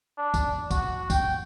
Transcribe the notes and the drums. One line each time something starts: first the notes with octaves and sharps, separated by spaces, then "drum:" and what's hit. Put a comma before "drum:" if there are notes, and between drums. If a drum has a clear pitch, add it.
D4
drum: kick, tambourine
F#4, drum: kick, tambourine
G5, drum: kick, tambourine